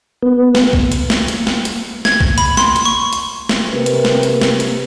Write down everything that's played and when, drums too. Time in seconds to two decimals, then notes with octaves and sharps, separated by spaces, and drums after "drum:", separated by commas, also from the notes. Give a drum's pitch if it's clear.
0.23 B3
0.55 drum: snare
0.73 drum: kick
0.92 drum: hi-hat
1.10 drum: snare
1.28 drum: hi-hat
1.47 drum: snare
1.65 drum: hi-hat
2.05 G#6, drum: snare
2.20 drum: kick
2.38 B5, drum: hi-hat
2.57 C6, drum: snare
2.76 drum: hi-hat
2.85 C#6
3.13 drum: hi-hat
3.49 drum: snare
3.72 C3 A#4 B4
3.86 drum: hi-hat
4.05 drum: snare
4.23 drum: hi-hat
4.42 drum: snare
4.60 drum: hi-hat